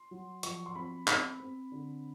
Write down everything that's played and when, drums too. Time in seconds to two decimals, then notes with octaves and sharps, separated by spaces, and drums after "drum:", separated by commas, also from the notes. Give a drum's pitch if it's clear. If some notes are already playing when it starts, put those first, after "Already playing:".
Already playing: C6
0.11 F#3
0.43 F3 C#6, drum: hi-hat
0.66 C6
0.75 C4 B5
1.08 C4 B5, drum: clap
1.40 C4
1.72 D3